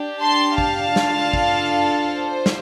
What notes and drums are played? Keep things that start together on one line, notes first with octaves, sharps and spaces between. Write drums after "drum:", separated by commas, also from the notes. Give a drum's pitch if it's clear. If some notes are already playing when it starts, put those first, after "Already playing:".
Already playing: D4 G4
A5 C6
F5 A5, drum: kick
D4 F4 A4, drum: snare
drum: kick
C5
drum: snare